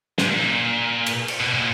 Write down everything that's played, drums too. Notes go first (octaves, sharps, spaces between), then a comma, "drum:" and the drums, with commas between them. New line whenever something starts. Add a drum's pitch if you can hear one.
G#2, drum: snare
A#2
drum: cymbal
drum: cymbal
B2
A#2